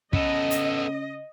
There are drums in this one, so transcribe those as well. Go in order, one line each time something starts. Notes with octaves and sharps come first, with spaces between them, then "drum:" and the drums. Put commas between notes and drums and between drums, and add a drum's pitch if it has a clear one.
C#3 B3 A4 D#5, drum: kick
drum: hi-hat